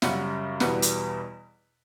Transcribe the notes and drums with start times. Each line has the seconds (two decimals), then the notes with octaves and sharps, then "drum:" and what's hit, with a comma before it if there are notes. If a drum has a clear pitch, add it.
0.02 F#2 C#3 G3 F#5, drum: snare
0.60 E2 B2 G3 B3 F#5, drum: snare
0.82 drum: hi-hat